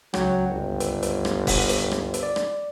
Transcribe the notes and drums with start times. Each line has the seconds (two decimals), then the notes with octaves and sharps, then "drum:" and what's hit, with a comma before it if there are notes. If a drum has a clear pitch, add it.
0.14 C#2 F#3 G5, drum: rim click
0.50 G1
0.80 drum: hi-hat
1.02 drum: hi-hat
1.25 drum: rim click
1.47 drum: kick F1, open hi-hat
1.69 drum: hi-hat
1.91 drum: rim click
2.14 drum: hi-hat
2.23 D5
2.36 drum: rim click